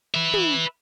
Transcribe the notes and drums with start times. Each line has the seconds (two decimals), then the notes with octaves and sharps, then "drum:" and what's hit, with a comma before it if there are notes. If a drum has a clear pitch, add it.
0.14 B4 E5
0.34 drum: tom